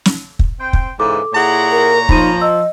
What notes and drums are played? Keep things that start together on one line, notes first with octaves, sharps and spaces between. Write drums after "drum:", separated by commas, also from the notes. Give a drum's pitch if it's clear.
drum: snare
drum: kick
C4 C5 G5
drum: kick
G#2 C#3 E3 A4 D6
A#2 E4 G#4 C#5 F#5 A#5
A#4
F3 D#4 B5 D#7, drum: kick
D#5 E6